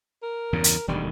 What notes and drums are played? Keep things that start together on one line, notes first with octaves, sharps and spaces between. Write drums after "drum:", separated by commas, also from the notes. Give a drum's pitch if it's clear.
A#4
E2 G2 C#3
drum: hi-hat
E1 D2 D#3 G3